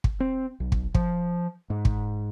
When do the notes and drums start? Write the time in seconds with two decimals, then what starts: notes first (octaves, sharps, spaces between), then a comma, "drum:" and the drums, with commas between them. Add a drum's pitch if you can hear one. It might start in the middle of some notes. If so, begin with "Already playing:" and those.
0.04 drum: kick
0.20 C4
0.60 B1
0.72 drum: kick
0.95 F3, drum: kick
1.70 G#2
1.85 drum: kick